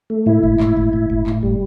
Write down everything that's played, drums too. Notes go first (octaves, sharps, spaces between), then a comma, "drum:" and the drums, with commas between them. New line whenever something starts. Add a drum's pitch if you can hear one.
A3
A2 E4
A2, drum: kick F#1
A2, drum: clap
A2, drum: kick F#1
A2
A2, drum: kick F#1
A2, drum: clap
G3, drum: kick F#1